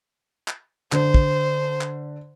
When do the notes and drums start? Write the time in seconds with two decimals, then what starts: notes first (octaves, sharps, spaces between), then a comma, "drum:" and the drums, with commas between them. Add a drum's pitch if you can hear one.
0.48 drum: clap
0.92 D3 C5, drum: clap
1.14 drum: kick
1.81 drum: clap